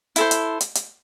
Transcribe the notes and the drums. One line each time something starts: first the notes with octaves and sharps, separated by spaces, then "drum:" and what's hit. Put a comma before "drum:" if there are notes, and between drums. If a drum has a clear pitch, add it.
E4 A4 C5, drum: hi-hat
drum: hi-hat
drum: hi-hat
drum: hi-hat